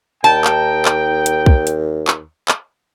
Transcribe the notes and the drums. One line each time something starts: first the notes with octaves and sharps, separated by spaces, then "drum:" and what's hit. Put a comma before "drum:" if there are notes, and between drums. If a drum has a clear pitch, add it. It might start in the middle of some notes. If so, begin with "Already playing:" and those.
D#2 D#4 G5 A5
drum: clap
drum: clap
drum: hi-hat
drum: kick B1
drum: hi-hat
drum: clap
drum: clap